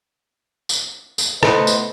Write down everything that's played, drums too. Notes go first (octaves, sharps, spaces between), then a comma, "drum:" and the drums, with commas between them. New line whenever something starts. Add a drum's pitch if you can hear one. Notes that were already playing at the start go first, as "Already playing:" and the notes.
drum: tambourine
drum: tambourine
A3 B3 B4 C5 D#5, drum: rim click
drum: tambourine